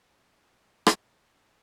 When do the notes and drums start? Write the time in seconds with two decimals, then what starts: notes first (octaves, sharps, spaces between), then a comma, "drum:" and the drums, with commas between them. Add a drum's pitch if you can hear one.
0.19 D3 F#3 A3 C#4 F#4
0.87 drum: rim click